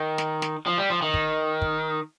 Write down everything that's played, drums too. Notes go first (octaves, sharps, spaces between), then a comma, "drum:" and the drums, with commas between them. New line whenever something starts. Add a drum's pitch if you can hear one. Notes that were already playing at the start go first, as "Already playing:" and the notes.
Already playing: D#3
drum: snare
drum: snare
F3
G3
F3
D#3
drum: kick
drum: kick